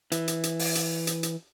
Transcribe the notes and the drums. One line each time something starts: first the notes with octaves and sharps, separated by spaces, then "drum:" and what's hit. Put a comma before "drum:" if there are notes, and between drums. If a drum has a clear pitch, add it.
E3, drum: hi-hat
drum: hi-hat
drum: hi-hat
drum: open hi-hat
drum: hi-hat
drum: hi-hat
drum: hi-hat